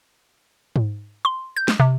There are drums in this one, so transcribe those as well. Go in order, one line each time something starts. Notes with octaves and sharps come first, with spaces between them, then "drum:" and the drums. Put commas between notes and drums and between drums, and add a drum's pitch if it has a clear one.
drum: tom G#2
C6
G6
drum: snare
C3